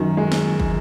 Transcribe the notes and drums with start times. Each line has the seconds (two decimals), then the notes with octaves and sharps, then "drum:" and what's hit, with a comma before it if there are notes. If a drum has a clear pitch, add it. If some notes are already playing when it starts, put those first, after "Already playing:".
Already playing: F#2 D#3
0.17 G#3
0.32 drum: snare
0.60 drum: kick